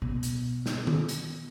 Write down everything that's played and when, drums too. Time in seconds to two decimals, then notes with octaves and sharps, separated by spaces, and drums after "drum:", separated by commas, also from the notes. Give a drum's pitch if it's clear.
0.02 B2
0.23 drum: hi-hat
0.66 drum: snare
0.87 drum: tom D#3
1.09 drum: hi-hat